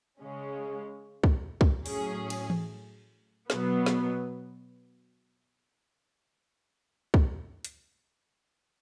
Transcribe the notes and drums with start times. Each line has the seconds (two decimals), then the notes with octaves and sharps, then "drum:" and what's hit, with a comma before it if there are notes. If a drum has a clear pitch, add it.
0.21 C#3 G#3 C#4
1.24 drum: kick
1.61 drum: kick
1.86 A2 F#3 C#4 G#4, drum: open hi-hat
2.30 drum: cymbal
2.50 drum: tom E3
3.50 B2 F#3 B3, drum: snare
3.86 drum: snare
7.14 drum: kick
7.64 drum: hi-hat